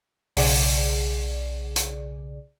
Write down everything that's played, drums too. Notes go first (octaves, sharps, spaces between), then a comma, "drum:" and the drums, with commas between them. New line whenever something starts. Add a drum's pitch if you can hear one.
B1 C#3 G#4 D5, drum: open hi-hat
drum: hi-hat